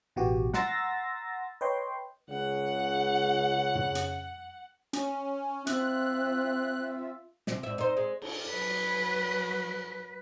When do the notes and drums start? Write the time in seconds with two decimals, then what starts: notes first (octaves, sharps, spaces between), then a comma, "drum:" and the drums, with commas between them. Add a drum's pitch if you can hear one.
0.16 A1 B2 E3 F#4 G4
0.54 F#5 A#5 C6 E6 A6 A#6, drum: snare
1.61 B4 C#5 D#5 G5 C6
2.30 C#2 C#3 F#5
3.75 drum: tom
3.95 drum: hi-hat
4.93 C#4, drum: hi-hat
5.67 C4 F4 E5 F#6, drum: hi-hat
7.47 C3, drum: snare
7.63 G#2 E5
7.78 D#4 C5
7.97 G#3
8.22 drum: cymbal
8.50 F#3 B4